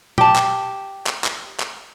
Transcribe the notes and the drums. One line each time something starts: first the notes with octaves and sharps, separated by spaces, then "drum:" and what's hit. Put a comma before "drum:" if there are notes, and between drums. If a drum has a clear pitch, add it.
G4 A5, drum: tom A#2
drum: clap
drum: clap
drum: clap
drum: clap